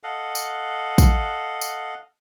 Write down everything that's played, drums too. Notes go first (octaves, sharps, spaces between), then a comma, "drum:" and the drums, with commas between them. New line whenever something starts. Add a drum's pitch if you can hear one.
A4 D#5 F5 F#5
drum: tambourine
drum: kick, tambourine
drum: tambourine